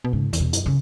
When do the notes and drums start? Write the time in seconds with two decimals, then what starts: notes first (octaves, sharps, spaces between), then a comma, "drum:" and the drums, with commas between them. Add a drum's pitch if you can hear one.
0.04 B2
0.13 G#2 C#3
0.33 E2, drum: hi-hat
0.40 B2
0.53 F#2, drum: hi-hat
0.66 C#3